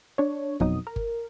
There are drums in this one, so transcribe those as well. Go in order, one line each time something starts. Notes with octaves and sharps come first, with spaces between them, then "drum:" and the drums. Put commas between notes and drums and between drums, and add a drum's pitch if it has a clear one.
D4 C#5
F2 B2 F#3 D#4 D#6, drum: kick G1
A#4
drum: kick G1